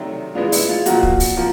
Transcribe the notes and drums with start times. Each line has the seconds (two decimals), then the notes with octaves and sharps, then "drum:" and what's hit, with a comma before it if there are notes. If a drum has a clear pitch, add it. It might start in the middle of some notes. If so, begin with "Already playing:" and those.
Already playing: C3 D#3 F#3 A3 D4
0.35 E3 G#3 B3 D4 F4
0.52 E4, drum: open hi-hat
0.69 F4
0.86 A#2 F3 A#3 F#4, drum: hi-hat
1.03 drum: kick
1.20 drum: open hi-hat
1.37 F3 A#3